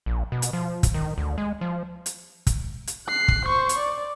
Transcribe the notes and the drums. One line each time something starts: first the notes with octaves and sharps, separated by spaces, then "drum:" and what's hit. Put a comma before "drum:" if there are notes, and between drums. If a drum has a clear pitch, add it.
A#1
B2
drum: hi-hat
F3
drum: kick, hi-hat
D#3
D2
G#3
F3
drum: hi-hat
drum: kick, hi-hat
drum: hi-hat
F#6 C7
drum: kick
C5 C#6
drum: hi-hat
D5